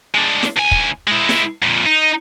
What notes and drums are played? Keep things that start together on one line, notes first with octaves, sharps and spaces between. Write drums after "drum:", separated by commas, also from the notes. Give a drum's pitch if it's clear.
G#3 D4
drum: snare
D2 G#5
drum: kick
G#3 E4
drum: snare
F2 A#2
D#4